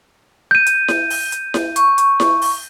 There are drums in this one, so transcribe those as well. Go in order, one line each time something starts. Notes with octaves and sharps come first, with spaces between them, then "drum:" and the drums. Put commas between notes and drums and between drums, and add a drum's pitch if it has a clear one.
G6 D#7
drum: hi-hat
drum: snare E4
drum: open hi-hat
drum: hi-hat
drum: snare E4
C#6, drum: hi-hat
drum: hi-hat
drum: snare E4
drum: open hi-hat